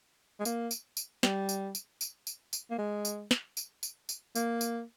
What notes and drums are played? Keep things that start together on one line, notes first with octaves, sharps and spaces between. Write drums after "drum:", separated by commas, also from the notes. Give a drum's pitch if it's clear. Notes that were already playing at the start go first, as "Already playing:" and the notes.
G#3
A#3, drum: tambourine
drum: tambourine
drum: tambourine
G3, drum: snare
drum: tambourine
drum: tambourine
drum: tambourine
drum: tambourine
drum: tambourine
A#3
G#3
drum: tambourine
drum: snare
drum: tambourine
drum: tambourine
drum: tambourine
A#3, drum: tambourine
drum: tambourine